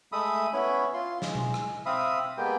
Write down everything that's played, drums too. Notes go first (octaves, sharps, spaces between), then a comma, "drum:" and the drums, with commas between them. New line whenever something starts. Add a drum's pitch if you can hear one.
G#3 A3 E5 B5 D#6
B3 C#4 E4 C#5 B5
F4 C6
G#3, drum: snare
drum: tom B2
drum: rim click
C4 E5 F5 B5 D#6
G#3 A#3 B3 G4 G5